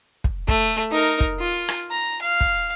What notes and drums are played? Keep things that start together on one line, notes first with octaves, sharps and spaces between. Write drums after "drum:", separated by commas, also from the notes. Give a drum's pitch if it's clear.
drum: kick
A3, drum: kick
D#4 A#4
drum: kick
F4
drum: rim click
A#5
F5
drum: kick